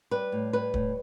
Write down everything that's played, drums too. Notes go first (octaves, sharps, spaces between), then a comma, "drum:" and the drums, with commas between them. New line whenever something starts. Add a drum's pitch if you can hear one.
G3 B4
A2
G3 B4
A2, drum: kick